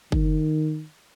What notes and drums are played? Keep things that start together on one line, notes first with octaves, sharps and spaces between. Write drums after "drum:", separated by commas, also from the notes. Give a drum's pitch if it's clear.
D#3, drum: kick F#1